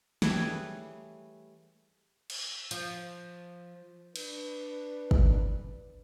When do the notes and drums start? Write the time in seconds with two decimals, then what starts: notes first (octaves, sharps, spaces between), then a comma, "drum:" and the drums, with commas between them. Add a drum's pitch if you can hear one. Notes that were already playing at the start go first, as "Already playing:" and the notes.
0.22 E3 G3 A3 G#4 B4 C#5, drum: snare
2.30 drum: cymbal
2.71 F3, drum: hi-hat
4.16 D4 B4, drum: cymbal
5.11 drum: kick